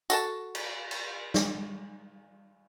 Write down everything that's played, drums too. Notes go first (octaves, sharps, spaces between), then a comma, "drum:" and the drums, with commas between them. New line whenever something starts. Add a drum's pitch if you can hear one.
F#4 A4 A5, drum: tambourine
drum: cymbal
drum: cymbal
drum: snare